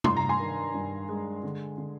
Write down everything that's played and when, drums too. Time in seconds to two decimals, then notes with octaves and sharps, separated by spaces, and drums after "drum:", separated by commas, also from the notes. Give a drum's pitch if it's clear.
0.04 G2 C6, drum: tom C3
0.17 A#5
0.29 G#5 C6
0.39 D#3
0.74 G2
1.09 G#3
1.43 D3
1.78 D3